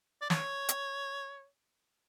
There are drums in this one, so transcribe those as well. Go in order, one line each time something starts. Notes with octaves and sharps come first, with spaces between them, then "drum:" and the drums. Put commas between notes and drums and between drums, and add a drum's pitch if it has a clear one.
D5
C#5, drum: snare
drum: hi-hat